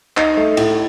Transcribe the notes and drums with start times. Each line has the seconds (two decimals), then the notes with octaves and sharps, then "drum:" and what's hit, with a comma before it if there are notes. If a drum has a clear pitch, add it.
0.17 D#4, drum: clap
0.37 A3
0.57 A2, drum: cymbal